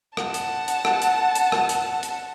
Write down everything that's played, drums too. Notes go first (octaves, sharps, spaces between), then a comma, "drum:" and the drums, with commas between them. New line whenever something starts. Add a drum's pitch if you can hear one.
F#5 A5, drum: rim click
drum: hi-hat
drum: hi-hat
drum: rim click
drum: hi-hat
drum: hi-hat
drum: rim click
drum: hi-hat
drum: hi-hat